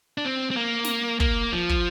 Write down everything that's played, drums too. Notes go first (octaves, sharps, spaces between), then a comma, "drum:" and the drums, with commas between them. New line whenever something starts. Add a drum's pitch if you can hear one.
D4
C4
C4
A#3
drum: snare
A#3, drum: kick
F3
drum: kick